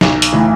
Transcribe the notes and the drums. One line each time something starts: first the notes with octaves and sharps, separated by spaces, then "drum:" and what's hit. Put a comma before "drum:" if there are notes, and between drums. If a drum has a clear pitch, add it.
B1, drum: snare
drum: hi-hat
A2 E3